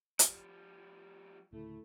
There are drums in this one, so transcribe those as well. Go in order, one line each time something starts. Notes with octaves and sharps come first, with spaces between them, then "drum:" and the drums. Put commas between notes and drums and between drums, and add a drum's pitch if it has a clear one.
F3 G3, drum: hi-hat
D2 A2 C#3 A3 E4